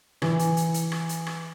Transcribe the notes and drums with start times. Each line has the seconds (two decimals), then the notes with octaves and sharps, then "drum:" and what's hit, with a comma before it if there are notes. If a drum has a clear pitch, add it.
0.22 E3, drum: rim click
0.39 drum: hi-hat
0.57 drum: hi-hat
0.74 drum: hi-hat
0.92 drum: rim click
1.09 drum: hi-hat
1.27 drum: rim click